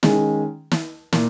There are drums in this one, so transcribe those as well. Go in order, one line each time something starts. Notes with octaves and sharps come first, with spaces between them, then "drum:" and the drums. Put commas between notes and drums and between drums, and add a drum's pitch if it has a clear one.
D#3 G#3 C#4 G#4, drum: snare
drum: snare
A#2, drum: snare